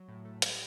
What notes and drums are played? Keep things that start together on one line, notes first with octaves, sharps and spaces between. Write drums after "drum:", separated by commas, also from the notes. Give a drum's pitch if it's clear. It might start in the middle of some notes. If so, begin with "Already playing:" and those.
Already playing: F#3
A2
A3
G3, drum: hi-hat